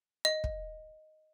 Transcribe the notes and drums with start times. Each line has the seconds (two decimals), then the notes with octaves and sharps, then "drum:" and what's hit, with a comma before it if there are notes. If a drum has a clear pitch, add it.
0.25 D#5
0.44 drum: kick